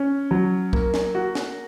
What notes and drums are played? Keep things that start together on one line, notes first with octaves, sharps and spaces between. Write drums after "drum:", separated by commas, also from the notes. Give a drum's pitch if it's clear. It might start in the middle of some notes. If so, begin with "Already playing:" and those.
Already playing: C#4
F#3
A#3, drum: kick
drum: snare
F#4
drum: snare